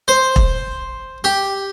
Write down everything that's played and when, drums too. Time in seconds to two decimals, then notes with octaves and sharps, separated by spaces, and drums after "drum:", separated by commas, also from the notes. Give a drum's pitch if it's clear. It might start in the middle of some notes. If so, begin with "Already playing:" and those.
0.08 C5
0.36 drum: kick E1
1.24 G4